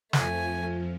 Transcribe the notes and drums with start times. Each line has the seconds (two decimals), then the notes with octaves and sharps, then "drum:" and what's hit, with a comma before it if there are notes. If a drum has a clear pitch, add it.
0.13 F2 F3 A3 G#5, drum: snare